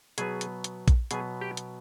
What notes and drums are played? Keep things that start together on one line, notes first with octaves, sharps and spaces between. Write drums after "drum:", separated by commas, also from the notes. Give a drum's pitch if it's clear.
B2 F#3 B3 G#4 G#5, drum: hi-hat
drum: hi-hat
drum: hi-hat
drum: kick A#1, hi-hat
B2 F#3 B3 G#4 G#5, drum: hi-hat
G4 G5
drum: hi-hat